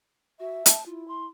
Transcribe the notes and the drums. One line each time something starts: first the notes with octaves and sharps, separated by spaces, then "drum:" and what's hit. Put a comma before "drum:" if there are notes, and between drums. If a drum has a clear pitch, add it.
F#4 E5
A5, drum: hi-hat
E4 F4
C6